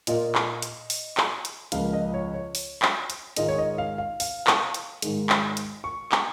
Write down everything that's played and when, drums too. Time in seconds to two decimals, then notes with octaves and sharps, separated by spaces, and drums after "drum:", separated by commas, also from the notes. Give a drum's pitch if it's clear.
0.07 A#2 A#3 F4 D#5, drum: hi-hat
0.35 drum: clap
0.62 drum: hi-hat
0.90 drum: open hi-hat
1.17 drum: clap
1.45 drum: hi-hat
1.72 C#2 C#3 F3 A#3 F5, drum: hi-hat
1.93 D#5
2.14 C#5
2.34 C#5
2.55 drum: open hi-hat
2.82 drum: clap
3.10 drum: hi-hat
3.37 G#2 D#3 G#3 F4 D#5, drum: hi-hat
3.49 C#5
3.58 D#5
3.78 F5
3.98 F5
4.20 F5, drum: open hi-hat
4.47 drum: clap
4.74 drum: hi-hat
5.02 G#2 D#3 G#3, drum: hi-hat
5.29 drum: clap
5.57 drum: hi-hat
5.84 C#6
6.12 drum: clap